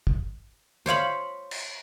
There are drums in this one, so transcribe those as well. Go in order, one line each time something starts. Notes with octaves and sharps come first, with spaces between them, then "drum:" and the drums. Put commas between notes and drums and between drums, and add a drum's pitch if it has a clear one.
drum: kick
C5 C#5 F5 B5
drum: cymbal